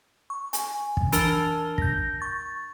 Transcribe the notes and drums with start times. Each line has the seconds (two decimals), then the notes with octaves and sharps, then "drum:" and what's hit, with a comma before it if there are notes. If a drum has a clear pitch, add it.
0.30 C#6
0.53 G#5, drum: hi-hat
0.97 drum: kick
1.12 E3 D4 A#4 A5 F6 G7, drum: hi-hat
1.78 G6 A#6, drum: kick
2.20 C#6 A6